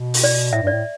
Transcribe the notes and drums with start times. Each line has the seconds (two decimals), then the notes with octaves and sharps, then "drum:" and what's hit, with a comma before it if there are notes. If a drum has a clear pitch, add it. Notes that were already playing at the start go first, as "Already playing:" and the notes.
Already playing: B2
0.14 drum: open hi-hat
0.24 D5
0.53 A2 E5
0.63 G2 D5
0.73 A2